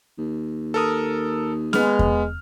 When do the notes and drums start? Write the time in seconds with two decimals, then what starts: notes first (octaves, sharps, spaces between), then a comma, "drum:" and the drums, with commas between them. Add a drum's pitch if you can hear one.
0.18 D#2
0.74 A4 A#4 D#6
1.73 G#3 B3 F6, drum: snare
1.99 drum: kick E2